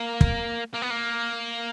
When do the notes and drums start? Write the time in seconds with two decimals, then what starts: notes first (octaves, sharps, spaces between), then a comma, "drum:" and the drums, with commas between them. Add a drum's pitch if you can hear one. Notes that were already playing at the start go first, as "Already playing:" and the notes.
Already playing: A#3
0.21 drum: kick
0.74 A#3
0.82 B3
0.90 A#3